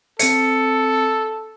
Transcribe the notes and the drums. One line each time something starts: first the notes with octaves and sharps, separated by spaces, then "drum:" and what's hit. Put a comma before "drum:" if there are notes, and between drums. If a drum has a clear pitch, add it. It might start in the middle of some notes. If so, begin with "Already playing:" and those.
C4 A4 C#7, drum: hi-hat